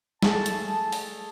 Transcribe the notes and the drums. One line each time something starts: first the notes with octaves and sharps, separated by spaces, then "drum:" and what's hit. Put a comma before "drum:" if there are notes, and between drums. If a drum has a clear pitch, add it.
A3 G#4 A5, drum: snare
drum: hi-hat
drum: open hi-hat